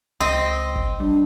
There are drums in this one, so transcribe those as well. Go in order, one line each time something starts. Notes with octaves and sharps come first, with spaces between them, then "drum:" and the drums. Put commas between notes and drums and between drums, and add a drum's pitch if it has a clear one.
C#2 C4 D#5
drum: kick
G3 D4